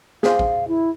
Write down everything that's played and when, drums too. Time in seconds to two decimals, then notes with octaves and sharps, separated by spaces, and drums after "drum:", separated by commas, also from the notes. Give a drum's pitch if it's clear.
0.23 G#4 C5 F5, drum: snare
0.39 drum: kick
0.67 E4